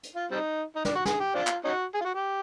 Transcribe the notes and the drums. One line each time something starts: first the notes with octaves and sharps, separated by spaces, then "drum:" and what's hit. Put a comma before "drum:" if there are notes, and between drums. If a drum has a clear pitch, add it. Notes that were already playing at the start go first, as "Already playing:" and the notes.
drum: hi-hat
F4
G3 C4 D#4
D#4
D4, drum: snare
F#4
G#4, drum: snare
G4
C4 D4 F4
drum: clap
C#4 D#4 F#4
G#4
F4
F#4
G4